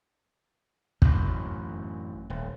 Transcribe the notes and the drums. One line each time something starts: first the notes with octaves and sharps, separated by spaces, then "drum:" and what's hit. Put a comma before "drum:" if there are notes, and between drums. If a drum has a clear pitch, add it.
A1 F#2, drum: kick
D#1